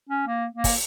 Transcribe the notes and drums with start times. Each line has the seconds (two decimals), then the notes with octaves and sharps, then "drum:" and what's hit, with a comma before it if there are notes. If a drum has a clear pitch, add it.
0.09 C#4
0.27 A#3
0.55 A#3
0.64 drum: kick, open hi-hat